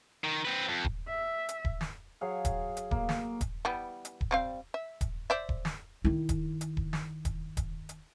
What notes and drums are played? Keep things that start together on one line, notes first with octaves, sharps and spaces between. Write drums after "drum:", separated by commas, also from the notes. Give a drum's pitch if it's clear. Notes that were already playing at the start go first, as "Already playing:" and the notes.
D#3
C4 B4
F2
drum: kick D#1
E5
drum: hi-hat
drum: kick D#1
drum: snare
F#3 G#4 F5
drum: kick D#1, hi-hat
drum: hi-hat
A#3, drum: kick D#1
drum: snare
drum: kick D#1, hi-hat
E3 G3 B3
drum: hi-hat
drum: kick D#1
G3 C4 F5
E5
drum: kick D#1, hi-hat
C5 D5 E5
drum: kick D#1
drum: snare
D#3 E4
drum: kick D#1, hi-hat
drum: hi-hat
drum: kick D#1
drum: snare
drum: kick D#1, hi-hat
drum: kick D#1, hi-hat
drum: hi-hat